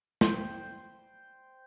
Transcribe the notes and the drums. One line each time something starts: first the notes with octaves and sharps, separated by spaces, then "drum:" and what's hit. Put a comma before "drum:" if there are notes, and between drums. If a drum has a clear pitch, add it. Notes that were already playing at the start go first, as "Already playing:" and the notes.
C5 G5, drum: snare